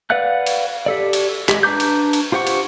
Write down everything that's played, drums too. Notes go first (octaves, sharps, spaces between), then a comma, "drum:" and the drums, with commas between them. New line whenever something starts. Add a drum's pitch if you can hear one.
B4 D5 F5 F#5 F#6
drum: cymbal
G4 A4 D5
drum: cymbal
G#3 G4, drum: clap
D4 B4 A#5 D6 G6
drum: cymbal
drum: cymbal
F4 G4 C5 F#5 C#6
drum: cymbal